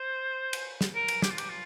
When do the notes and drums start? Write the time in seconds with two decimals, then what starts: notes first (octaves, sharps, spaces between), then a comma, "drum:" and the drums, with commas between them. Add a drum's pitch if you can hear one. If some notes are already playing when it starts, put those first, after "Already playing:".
Already playing: C5
0.53 drum: cymbal
0.81 drum: snare
0.95 A#4
1.08 drum: cymbal
1.22 G4, drum: snare
1.30 F4
1.38 G4, drum: cymbal
1.49 F4